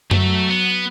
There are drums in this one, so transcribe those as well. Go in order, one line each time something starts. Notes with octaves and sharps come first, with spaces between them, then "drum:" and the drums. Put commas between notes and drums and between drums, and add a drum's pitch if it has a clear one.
F#3 A3 E5, drum: tom F#2
B3